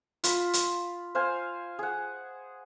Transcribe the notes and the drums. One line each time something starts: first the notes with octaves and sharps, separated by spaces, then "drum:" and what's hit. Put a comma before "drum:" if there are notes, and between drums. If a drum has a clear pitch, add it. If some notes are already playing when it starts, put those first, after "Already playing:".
F4 B5, drum: hi-hat
drum: hi-hat
C5 F5 G#5
G#4 F#5